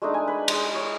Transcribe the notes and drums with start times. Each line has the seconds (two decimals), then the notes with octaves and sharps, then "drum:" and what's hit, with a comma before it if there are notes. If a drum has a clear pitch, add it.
0.02 G#3 A3 D4 D#4
0.14 G#5
0.28 B4
0.48 G#3, drum: cymbal
0.75 C#5